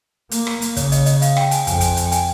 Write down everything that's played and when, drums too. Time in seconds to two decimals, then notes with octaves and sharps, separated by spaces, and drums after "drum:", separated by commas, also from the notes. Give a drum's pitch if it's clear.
0.31 A#3, drum: hi-hat
0.47 drum: rim click
0.62 drum: hi-hat
0.77 C#3 C#5, drum: kick, hi-hat
0.92 D#5, drum: hi-hat
1.06 D#5, drum: hi-hat
1.22 F5, drum: hi-hat
1.37 G5, drum: rim click
1.51 G#5, drum: hi-hat
1.67 F2 G#5, drum: kick, hi-hat
1.74 G5
1.81 G#5, drum: hi-hat
1.97 drum: hi-hat
2.06 G5
2.12 G#5, drum: hi-hat